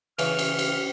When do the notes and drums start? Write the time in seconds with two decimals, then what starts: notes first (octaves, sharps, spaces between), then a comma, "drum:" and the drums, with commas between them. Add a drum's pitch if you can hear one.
0.19 C#3 E3 F6, drum: cymbal
0.39 drum: cymbal
0.59 drum: cymbal